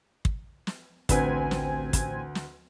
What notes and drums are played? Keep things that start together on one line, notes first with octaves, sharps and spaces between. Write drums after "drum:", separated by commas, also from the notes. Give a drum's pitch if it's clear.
drum: kick
drum: snare
A1 D2 C4 B4 G#5, drum: kick, hi-hat
drum: snare
drum: kick, hi-hat
drum: snare